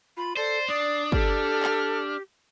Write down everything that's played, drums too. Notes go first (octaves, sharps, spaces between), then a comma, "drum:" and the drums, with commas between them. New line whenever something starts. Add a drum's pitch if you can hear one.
F4 B5
A4 C5 D5 C7
D4 D5 D#6
G4 A4 F6, drum: kick
drum: clap